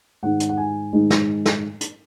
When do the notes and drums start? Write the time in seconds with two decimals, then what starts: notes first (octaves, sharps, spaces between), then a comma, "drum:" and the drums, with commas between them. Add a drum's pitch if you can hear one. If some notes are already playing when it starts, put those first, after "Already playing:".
0.23 G#2 D#3 G#3 D#4 F#5
0.40 drum: hi-hat
0.49 F#5
0.57 G#5
0.93 G#2 D#3 G#3 D#4
1.10 drum: snare
1.46 drum: snare
1.81 drum: hi-hat